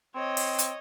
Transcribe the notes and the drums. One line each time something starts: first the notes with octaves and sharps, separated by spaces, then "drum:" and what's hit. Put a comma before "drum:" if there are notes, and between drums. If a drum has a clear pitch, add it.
C4 C#5 D#5
drum: open hi-hat
drum: hi-hat